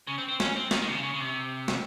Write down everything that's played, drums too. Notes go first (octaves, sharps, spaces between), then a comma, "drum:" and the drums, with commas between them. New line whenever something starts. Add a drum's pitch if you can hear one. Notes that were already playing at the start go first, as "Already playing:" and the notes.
C#3
C4
C4
C#4, drum: snare
C4
D#3, drum: snare
D#3
C3
C#3
C#3
C#3
C3
drum: snare